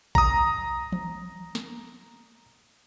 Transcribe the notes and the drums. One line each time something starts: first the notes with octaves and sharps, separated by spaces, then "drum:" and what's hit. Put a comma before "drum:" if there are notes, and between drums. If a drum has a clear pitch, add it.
A#5 D#6, drum: kick A1
drum: tom E3
drum: snare